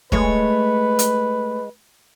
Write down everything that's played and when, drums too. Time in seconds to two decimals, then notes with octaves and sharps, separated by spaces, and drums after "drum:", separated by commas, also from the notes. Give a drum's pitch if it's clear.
0.12 G#3 A3 B4 C#5, drum: kick
0.99 drum: hi-hat